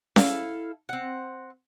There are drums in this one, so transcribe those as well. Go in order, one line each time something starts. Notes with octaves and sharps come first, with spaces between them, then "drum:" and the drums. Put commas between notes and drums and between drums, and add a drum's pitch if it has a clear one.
E4 A4 F5, drum: snare C#4
C4 F#5